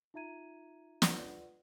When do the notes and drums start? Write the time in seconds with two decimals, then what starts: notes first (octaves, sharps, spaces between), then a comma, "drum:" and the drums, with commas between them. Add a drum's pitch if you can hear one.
0.14 D#4 F4 E5 A#5 G#6 D#7
1.02 F4 B4 D5 D#5 F#5, drum: snare